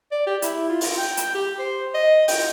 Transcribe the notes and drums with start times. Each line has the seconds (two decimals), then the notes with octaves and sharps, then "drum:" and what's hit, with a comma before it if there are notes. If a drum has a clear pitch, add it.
0.11 D5
0.26 G4
0.42 E4, drum: hi-hat
0.69 F4
0.81 drum: open hi-hat
0.97 G5
1.17 drum: hi-hat
1.35 G4
1.59 C5
1.94 D#5
2.28 G5, drum: open hi-hat